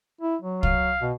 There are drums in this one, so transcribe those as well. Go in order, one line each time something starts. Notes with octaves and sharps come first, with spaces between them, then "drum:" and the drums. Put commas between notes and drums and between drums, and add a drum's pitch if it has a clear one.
E4
F#3
F5, drum: kick
B2